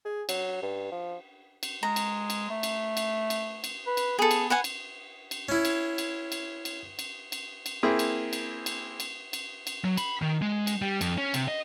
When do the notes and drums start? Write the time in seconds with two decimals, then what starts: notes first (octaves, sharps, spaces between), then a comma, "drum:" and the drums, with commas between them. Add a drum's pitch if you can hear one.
0.05 G#4
0.29 F#3, drum: cymbal
0.62 G2
0.92 F3
1.63 drum: cymbal
1.83 G#3 A#5
1.96 drum: cymbal
2.30 drum: cymbal
2.50 A3
2.63 drum: cymbal
2.97 drum: cymbal
3.30 drum: cymbal
3.64 drum: cymbal
3.86 B4
3.97 drum: cymbal
4.19 B3 G#4 A4
4.31 drum: cymbal
4.50 B4 F#5 G#5
4.64 drum: cymbal
5.31 drum: cymbal
5.49 C#4 E4
5.65 drum: cymbal
5.98 drum: cymbal
6.32 drum: cymbal
6.65 drum: cymbal
6.99 drum: cymbal
7.32 drum: cymbal
7.66 drum: cymbal
7.83 A#3 C4 E4 G#4
7.99 drum: cymbal
8.33 drum: cymbal
8.66 drum: cymbal
9.00 drum: cymbal
9.33 drum: cymbal
9.67 drum: cymbal
9.84 F#3
9.97 B5, drum: cymbal
10.22 D#3
10.42 G#3
10.67 drum: cymbal
10.82 G3
11.01 F2, drum: cymbal
11.18 C#4
11.34 C3, drum: cymbal
11.48 D#5